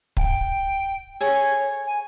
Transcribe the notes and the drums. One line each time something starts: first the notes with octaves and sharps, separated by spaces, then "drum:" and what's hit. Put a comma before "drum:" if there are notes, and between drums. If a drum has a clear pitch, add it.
G5, drum: kick
G#4 A4 C#5 G#5
G#5